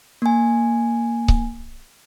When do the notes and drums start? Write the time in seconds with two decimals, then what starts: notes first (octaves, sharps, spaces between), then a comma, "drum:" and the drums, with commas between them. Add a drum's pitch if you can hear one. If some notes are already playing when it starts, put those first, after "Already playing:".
0.22 A#3 G#5
1.28 drum: kick C#1